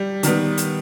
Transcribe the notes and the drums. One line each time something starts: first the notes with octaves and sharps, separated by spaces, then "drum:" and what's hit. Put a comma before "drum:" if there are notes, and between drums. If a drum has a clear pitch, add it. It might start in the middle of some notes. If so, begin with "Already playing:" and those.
Already playing: G3
D#3 G3 B3, drum: hi-hat
drum: hi-hat